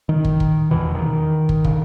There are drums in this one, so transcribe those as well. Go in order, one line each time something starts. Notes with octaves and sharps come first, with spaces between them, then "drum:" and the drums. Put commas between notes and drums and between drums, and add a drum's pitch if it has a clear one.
D#3
drum: kick
drum: kick
E2 B2 E3
D#3
drum: kick
C#3, drum: kick